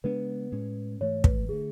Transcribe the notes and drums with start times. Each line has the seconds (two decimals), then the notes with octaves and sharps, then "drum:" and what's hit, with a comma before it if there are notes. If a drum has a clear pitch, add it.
0.04 C#3 G#3 B3 D4 B4
0.52 A2 G#3 C#4
1.01 G#2 E3 A3 C#5
1.24 B4, drum: kick
1.49 D3 A3 G#4